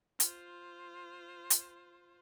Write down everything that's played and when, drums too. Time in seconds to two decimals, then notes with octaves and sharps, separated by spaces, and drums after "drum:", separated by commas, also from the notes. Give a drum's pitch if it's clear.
0.20 F4 C5, drum: hi-hat
1.50 drum: hi-hat